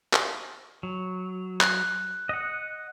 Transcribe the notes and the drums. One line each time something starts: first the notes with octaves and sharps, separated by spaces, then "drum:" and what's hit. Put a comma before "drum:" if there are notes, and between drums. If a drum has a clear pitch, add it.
drum: clap
F#3
F#6, drum: clap
D#5 F#5